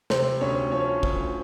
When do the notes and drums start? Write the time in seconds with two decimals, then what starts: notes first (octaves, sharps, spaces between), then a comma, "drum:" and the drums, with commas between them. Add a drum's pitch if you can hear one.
0.10 C3 C4 C5, drum: snare
0.41 D2 C#4 C#5
0.72 F3 C#4 C#5
1.03 D2, drum: kick